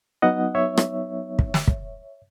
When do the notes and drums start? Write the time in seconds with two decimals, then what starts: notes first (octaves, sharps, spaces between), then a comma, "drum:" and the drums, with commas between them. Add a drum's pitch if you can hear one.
0.22 F#3 B3 D#4 D#5 F#5
0.55 C#5 E5
0.77 drum: rim click
1.39 drum: kick
1.54 drum: snare
1.68 drum: kick